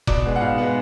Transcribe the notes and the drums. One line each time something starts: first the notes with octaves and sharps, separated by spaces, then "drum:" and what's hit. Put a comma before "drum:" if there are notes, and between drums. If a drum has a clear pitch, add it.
B2 D5, drum: kick F1
G#3 B3
F#5
B2 F5
G#3 B3 F#5